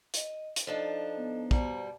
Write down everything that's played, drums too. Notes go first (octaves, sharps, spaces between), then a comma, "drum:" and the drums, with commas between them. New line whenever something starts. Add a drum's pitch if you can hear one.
D#5, drum: hi-hat
drum: hi-hat
F3 D4 D#4 A4 D#5
B3
B2 G3 C5 F#5 A#5, drum: kick